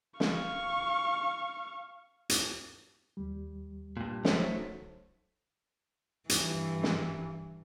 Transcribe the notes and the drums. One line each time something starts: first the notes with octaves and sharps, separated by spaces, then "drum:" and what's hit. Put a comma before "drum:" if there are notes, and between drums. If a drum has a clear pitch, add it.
F5 C#6, drum: snare
drum: hi-hat
D#2 G3
G2 A#2
F#3 A3 D#4 C5 C#5, drum: snare
G2 E3, drum: hi-hat
drum: snare